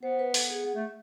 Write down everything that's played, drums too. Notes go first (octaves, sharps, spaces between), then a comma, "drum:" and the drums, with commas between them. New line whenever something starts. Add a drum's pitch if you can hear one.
B3 C5
B4
A4, drum: open hi-hat
G#4
B3
A3